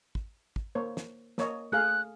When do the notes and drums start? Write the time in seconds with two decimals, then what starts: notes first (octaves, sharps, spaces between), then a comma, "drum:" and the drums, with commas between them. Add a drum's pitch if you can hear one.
0.15 drum: kick
0.56 drum: kick
0.75 A#3 C5 C#5
0.97 drum: snare
1.38 A#3 C#5 D#5, drum: snare
1.72 A3 G#4 F5 F#6